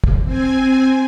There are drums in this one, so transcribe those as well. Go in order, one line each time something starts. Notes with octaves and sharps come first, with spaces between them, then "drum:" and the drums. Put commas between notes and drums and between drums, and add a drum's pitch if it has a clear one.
drum: kick
C4 G#5